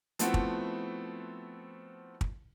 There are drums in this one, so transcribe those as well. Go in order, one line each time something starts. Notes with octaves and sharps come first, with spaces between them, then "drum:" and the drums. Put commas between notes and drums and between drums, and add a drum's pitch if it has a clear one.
F3 A3 B3 C4 E4 F#4, drum: hi-hat
drum: kick
drum: kick